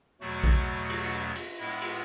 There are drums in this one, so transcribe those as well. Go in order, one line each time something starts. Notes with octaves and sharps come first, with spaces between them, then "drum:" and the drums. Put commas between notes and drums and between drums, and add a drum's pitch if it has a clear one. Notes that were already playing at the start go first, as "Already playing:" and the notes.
E2 B2 F#3 A3 F#4
drum: kick A#1
drum: cymbal
drum: cymbal
A2 G#3 B3 E4
drum: cymbal